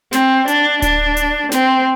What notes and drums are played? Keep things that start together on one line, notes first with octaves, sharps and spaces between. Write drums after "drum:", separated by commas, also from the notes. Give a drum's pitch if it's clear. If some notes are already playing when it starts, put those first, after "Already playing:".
C4, drum: snare
D4, drum: hi-hat
D4, drum: kick D1, hi-hat
drum: hi-hat
C4, drum: snare